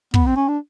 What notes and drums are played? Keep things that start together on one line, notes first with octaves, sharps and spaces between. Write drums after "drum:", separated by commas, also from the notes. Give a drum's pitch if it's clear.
B3, drum: kick
C4
C#4
D4